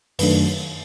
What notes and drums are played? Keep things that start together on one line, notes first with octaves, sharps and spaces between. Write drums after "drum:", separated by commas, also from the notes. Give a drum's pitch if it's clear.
F#2 D#3 F#3 A3 D4 B4, drum: open hi-hat